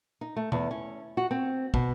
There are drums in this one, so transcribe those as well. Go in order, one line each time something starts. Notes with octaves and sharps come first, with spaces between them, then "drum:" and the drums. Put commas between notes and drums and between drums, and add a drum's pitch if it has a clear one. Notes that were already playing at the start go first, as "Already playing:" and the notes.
D#4
A3
E2, drum: tom B2
C#4
F#4
C4
B2, drum: kick